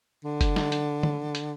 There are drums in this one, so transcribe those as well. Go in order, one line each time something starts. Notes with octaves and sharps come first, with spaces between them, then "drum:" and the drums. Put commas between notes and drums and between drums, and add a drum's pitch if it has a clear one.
D3
drum: kick F#1, hi-hat
drum: snare
drum: hi-hat
drum: tom
drum: hi-hat